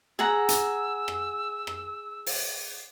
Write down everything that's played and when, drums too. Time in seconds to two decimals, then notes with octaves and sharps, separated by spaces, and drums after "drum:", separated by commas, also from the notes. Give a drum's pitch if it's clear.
0.19 G#4 F#5 A#5 E6
0.49 drum: hi-hat
1.08 drum: rim click
1.67 drum: rim click
2.26 drum: open hi-hat